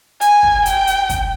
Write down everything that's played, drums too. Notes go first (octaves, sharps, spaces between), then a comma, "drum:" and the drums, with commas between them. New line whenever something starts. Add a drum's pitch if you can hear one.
G#5, drum: hi-hat
drum: kick
G5, drum: hi-hat
drum: hi-hat
drum: kick, hi-hat